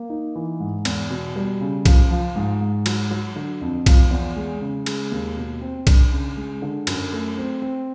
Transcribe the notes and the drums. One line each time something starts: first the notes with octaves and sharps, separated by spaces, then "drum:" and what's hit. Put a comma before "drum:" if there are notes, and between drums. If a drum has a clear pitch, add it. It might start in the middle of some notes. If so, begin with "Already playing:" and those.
Already playing: A#3
D#4
E3
G#2
E2, drum: cymbal
B2
G3
C#3
F3, drum: kick B1, cymbal
F3
G#2
G#2
F#3, drum: cymbal
F#3
D3
F2
F3, drum: kick B1, cymbal
E2
G#3
C#3
G#3, drum: cymbal
D#2
B2
C4
D4, drum: kick B1, cymbal
C#3
G#3
D3
F#2, drum: cymbal
A3
C4
C4